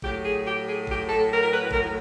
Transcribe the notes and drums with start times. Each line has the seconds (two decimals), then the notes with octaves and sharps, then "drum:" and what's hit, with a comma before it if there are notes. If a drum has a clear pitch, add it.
0.02 A2 F#3 G4, drum: kick G#1
0.24 G#4
0.45 G4
0.66 G#4
0.87 G4, drum: kick G#1
1.08 A4
1.29 A#4
1.40 A#4
1.50 B4
1.71 A#4, drum: kick G#1